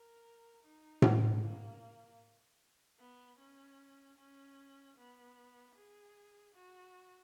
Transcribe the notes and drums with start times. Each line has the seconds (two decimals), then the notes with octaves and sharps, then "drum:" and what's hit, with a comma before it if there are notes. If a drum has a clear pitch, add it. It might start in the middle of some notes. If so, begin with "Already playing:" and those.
Already playing: A#4
0.63 D#4
1.02 drum: tom A2
1.42 A#3
3.00 B3
3.39 C#4
4.18 C#4
4.97 B3
5.75 G#4
6.55 F#4